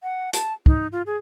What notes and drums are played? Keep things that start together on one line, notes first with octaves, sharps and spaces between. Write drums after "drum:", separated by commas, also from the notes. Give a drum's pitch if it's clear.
F#5
A5, drum: hi-hat
D#4, drum: kick
F4
G#4